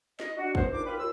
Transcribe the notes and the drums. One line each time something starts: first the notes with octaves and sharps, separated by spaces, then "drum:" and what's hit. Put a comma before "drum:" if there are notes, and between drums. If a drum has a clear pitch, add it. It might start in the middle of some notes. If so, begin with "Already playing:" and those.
D#5, drum: snare
D4 F#4
C#2 A2 B3 C5, drum: kick
A#2 D4 D#4 C5 D6
F4 G4 A#4 B4
D#2 F4 E6